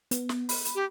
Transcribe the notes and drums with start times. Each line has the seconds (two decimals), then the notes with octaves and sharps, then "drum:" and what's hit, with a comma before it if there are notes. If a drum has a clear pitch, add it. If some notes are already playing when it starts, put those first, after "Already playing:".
0.11 B3, drum: hi-hat
0.29 drum: snare
0.49 B5, drum: open hi-hat
0.65 drum: hi-hat
0.75 G4